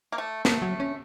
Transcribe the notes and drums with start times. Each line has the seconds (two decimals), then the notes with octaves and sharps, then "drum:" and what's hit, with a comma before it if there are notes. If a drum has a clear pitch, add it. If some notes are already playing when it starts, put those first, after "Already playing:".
0.12 A#3
0.18 A3
0.45 A3 A#3, drum: snare
0.62 F#3
0.80 C#4